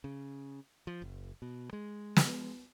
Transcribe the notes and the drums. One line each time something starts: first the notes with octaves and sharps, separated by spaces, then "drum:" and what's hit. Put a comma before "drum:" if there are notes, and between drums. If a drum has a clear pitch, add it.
C#3
F3
F#1
B2
G#3
drum: snare